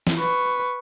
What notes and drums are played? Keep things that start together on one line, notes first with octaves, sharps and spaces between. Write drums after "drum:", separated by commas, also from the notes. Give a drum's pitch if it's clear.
drum: snare
B4 C#6